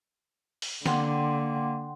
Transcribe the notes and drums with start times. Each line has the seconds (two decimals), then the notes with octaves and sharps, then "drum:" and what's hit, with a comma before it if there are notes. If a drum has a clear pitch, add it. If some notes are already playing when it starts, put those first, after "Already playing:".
0.62 drum: open hi-hat
0.86 D3 A#3 F#5 G5 C6, drum: snare